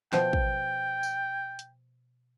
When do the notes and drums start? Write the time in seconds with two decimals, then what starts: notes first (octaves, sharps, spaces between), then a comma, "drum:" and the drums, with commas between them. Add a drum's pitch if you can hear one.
0.13 B2 F3 G5, drum: snare
0.33 drum: kick
1.03 drum: tambourine
1.59 drum: hi-hat